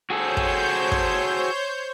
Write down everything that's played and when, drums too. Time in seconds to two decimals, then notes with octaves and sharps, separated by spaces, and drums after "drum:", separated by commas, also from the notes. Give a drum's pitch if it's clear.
0.10 F#4 G#4 A4 C5 C#5 G6
0.37 drum: kick
0.92 drum: kick